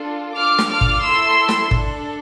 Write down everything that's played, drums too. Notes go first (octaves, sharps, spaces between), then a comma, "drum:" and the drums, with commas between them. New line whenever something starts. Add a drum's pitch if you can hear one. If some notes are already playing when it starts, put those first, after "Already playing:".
Already playing: D4 F4 A4
D4 F4 A4 D6 F6
drum: snare
D6 F6
drum: kick G#1
A3 E4 A4 C6 E6
drum: snare
D4 A4, drum: kick G#1